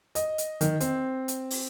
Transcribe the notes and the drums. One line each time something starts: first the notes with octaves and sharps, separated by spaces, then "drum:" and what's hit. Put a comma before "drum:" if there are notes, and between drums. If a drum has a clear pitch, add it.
D#5, drum: hi-hat
drum: hi-hat
D#3, drum: hi-hat
C4, drum: hi-hat
drum: hi-hat
drum: open hi-hat